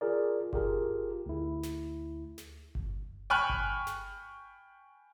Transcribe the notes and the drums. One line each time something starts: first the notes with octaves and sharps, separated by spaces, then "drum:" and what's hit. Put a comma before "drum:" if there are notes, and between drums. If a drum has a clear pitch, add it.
F4 G#4 A#4 D5
F4 G4 G#4 A#4, drum: kick G1
D2 E4
drum: snare
drum: snare
drum: kick G1
G5 G#5 B5 C#6 F6 F#6
drum: kick G1
drum: snare